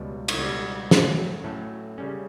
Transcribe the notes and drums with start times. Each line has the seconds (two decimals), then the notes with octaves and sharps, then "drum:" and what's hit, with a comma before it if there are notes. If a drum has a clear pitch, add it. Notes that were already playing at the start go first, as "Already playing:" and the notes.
Already playing: C#2 B2 G3
0.28 drum: cymbal
0.38 C#2 B2 G3
0.91 A2 F#3 A3 C#4, drum: snare
1.44 A2 F#3 A3 C#4
1.98 C#3 G3 C#4